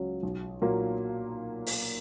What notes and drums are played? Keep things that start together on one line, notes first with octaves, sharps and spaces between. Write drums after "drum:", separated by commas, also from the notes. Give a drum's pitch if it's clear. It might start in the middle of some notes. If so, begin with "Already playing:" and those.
Already playing: C#2 F#3 C#4
B1
A#2 F#3 A#3
drum: open hi-hat